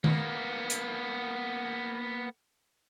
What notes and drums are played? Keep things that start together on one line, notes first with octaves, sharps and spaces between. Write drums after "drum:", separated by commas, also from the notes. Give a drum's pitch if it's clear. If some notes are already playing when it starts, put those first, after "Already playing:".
A#3 B3, drum: tom D#3
drum: hi-hat